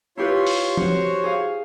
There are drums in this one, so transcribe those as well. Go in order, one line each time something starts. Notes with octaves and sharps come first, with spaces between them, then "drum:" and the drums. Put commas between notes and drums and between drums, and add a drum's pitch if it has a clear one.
E4 F4 G4 B4 C#5 C6
drum: open hi-hat
F#4 C5 C#5, drum: tom
G#4 F5